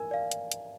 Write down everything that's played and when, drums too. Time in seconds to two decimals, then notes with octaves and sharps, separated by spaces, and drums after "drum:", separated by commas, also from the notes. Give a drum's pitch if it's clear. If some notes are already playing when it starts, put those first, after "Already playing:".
Already playing: A#4 G#5
0.11 D5 F5
0.32 drum: hi-hat
0.52 drum: hi-hat